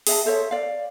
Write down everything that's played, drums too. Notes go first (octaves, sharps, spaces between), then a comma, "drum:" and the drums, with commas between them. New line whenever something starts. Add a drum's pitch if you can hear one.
G#4 E5 A5, drum: open hi-hat
A4 C5 C#5 E5
D5 F5